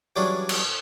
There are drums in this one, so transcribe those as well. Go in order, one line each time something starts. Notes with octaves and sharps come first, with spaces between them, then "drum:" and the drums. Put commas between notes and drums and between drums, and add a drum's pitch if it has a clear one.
E3 F#3 G3 C#4 D4 G#4
drum: cymbal